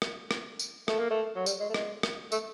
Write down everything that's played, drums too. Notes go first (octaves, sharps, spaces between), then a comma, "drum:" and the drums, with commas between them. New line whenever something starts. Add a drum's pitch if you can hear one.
drum: rim click
drum: rim click
drum: tambourine
A3, drum: rim click
A#3
A3
F#3
G3, drum: tambourine
G#3
A3
G#3, drum: rim click
drum: rim click
A3, drum: tambourine